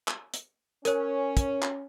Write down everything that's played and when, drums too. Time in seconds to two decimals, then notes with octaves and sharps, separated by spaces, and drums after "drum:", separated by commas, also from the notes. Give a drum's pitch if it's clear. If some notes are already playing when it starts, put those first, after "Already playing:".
0.08 drum: clap
0.34 drum: hi-hat
0.85 C#4 A#4 C#5, drum: hi-hat
1.37 drum: kick, hi-hat
1.62 drum: clap